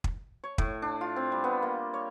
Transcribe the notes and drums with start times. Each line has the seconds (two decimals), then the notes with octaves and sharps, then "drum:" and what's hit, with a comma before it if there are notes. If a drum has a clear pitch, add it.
0.04 drum: kick
0.44 C#5
0.58 A2, drum: kick
0.82 D4
1.01 F4
1.16 C4
1.32 G3
1.44 B3
1.62 A#3
1.94 C#5